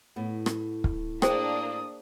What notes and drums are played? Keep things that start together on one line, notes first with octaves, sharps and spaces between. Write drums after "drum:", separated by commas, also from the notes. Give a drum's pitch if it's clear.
A2 B3
drum: rim click
drum: kick
A#3 D4 G#4 C5 G5 D#6, drum: rim click